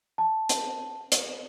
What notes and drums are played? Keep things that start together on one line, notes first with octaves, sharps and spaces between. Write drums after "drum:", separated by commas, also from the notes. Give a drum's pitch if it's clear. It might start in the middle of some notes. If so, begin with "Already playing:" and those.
A5
drum: hi-hat
drum: hi-hat